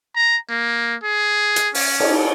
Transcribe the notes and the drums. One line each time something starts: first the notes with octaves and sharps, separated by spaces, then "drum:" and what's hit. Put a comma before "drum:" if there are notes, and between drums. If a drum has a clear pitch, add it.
A#5
A#3
G#4
drum: hi-hat
C#4, drum: open hi-hat
drum: cymbal